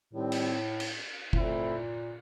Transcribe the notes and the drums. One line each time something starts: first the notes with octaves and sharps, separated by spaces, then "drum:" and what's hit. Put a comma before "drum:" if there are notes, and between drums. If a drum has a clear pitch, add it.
A2 D#3 G3 C4
drum: cymbal
drum: cymbal
A#2 A3 C4 E4, drum: kick F#1